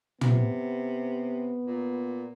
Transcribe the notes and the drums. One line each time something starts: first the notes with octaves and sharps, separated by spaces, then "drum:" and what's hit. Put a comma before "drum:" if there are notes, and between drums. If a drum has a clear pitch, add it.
C3 B3, drum: tom
A#2